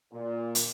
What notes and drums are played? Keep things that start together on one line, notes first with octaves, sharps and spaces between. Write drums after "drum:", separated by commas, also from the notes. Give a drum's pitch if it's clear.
A#2
drum: hi-hat